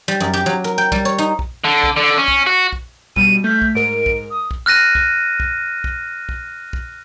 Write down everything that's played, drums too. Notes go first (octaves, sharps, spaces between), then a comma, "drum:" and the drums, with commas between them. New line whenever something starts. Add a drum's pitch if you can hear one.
G3
F#2
G4
F#3
A#4
G5
G3, drum: kick
C#5
D#4
drum: kick
D3
drum: kick
D3
C#4
drum: kick
F#4
drum: kick
B2 G3 D#7, drum: kick
A3 F6 G6 B6
drum: kick
G#2 A#4 D7
drum: kick
D#6
drum: kick
F6 F#6 A#6 D#7
drum: kick
drum: kick
drum: kick
drum: kick
drum: kick